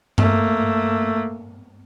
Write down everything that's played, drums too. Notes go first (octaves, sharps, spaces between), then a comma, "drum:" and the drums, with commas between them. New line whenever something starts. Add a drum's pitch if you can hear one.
A3 A#3, drum: tom G2